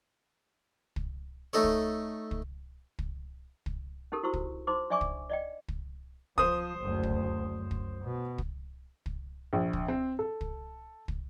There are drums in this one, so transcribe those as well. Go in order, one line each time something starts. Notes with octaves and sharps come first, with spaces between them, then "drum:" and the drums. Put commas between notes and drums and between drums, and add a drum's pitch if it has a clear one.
drum: kick
A3 D#4 A4 C#5
drum: kick
drum: kick
drum: kick
drum: kick
C#4 D#4 G4 A4 A#4
E4 F#4 C5 C#6 E6
drum: kick
D#4 C5 C6 D6
D4 D5 E5 G#5 C#6 D6
drum: kick
D5 D#5 G5
drum: kick
F3 C5 D#6, drum: kick
F#1 D2
drum: kick
F#2
drum: kick
B2
drum: kick
drum: kick
A#1
drum: kick
C4
A4
drum: kick
drum: kick